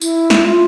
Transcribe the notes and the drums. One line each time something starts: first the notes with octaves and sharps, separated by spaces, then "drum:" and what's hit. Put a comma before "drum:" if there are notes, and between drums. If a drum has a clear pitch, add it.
E4, drum: tambourine
drum: snare
F4